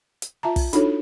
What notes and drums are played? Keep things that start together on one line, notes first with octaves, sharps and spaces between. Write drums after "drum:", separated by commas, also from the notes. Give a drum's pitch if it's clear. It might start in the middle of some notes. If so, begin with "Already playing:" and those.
drum: hi-hat
F4 E5 A5 A#5
drum: kick, open hi-hat
D4 D#4 F4 F#4 A4 C#5, drum: hi-hat